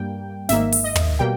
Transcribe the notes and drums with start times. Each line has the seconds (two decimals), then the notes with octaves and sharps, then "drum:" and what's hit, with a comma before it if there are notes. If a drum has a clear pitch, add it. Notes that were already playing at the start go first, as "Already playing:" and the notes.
Already playing: G2 G3 A#3 G5
0.49 G#1 G#2 D#3 A#3 E5, drum: snare
0.72 drum: open hi-hat
0.84 D#5
0.96 drum: tom
1.19 B2 G3 A#3 G5